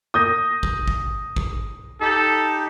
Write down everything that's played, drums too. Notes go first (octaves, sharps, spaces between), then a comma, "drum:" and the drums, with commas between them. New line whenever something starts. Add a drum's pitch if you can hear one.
D#6 G6 A#6
drum: kick
drum: kick
drum: kick
D#4 G4 A4